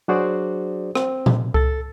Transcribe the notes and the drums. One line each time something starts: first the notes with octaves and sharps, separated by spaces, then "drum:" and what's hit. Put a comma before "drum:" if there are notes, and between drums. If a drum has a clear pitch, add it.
F#3 D4 F#4 G#4 C5 D5
C4, drum: rim click
drum: tom A#2
A4 A6, drum: kick C#2